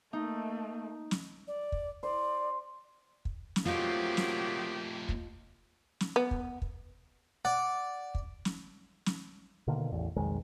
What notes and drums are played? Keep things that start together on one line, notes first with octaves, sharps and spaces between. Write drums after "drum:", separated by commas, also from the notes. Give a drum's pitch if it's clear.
A3 A#3 D#4
drum: snare
D5
drum: kick
C5 D5
drum: kick
drum: snare
F3 F#3 A3 A#3 C4 D#4 F4 G4
drum: snare
drum: kick
drum: snare
B3
drum: kick
drum: kick
D5 F#5
drum: kick
drum: snare
drum: snare
B2 D3 D#3 A#3
A1 E2
B1 F2 D#3 G#3